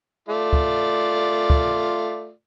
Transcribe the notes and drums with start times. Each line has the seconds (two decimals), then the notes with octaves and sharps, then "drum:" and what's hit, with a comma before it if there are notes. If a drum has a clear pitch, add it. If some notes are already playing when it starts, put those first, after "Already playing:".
0.28 A3 F4 D5
0.53 drum: kick
1.50 drum: kick